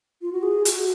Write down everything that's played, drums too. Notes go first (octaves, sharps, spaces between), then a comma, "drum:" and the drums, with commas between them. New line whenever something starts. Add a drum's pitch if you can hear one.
F4
F#4
G#4
F#4, drum: hi-hat